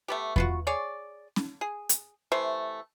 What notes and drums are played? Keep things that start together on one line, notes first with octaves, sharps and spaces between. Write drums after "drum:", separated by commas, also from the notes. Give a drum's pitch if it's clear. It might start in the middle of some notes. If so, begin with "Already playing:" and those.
A3 B3 G4
B3 F4 F#4, drum: kick E2
G#4 C#5 D5
drum: snare C#4
G#4
drum: hi-hat
C3 E3 A3 C5